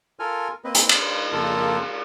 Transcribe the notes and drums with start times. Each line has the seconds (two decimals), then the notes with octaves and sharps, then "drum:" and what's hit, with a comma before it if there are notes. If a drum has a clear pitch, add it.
0.19 F4 A4 A#4 G#5 F6
0.64 A#3 C4 B4 D#5
0.75 drum: hi-hat
0.89 drum: cymbal
0.99 B4 C5
1.32 F2 C#3 A#3 F4 A4 A#4